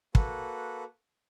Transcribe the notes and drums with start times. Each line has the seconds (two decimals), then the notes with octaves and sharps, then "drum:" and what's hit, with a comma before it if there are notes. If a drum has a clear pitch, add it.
0.15 A#3 F#4 A4 B4, drum: kick